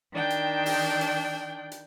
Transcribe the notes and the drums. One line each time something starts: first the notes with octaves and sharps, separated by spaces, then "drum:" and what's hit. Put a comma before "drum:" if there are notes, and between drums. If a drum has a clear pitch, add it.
D#3 D4 G5
drum: hi-hat
drum: open hi-hat
drum: hi-hat
drum: hi-hat